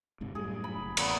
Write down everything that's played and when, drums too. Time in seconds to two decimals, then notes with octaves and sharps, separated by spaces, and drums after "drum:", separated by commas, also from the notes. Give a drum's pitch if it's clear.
0.21 G1 G#2 C3
0.35 F#2 A2 G3 G#4
0.64 B5
0.77 F#1
0.97 A1 A#3 B3, drum: cymbal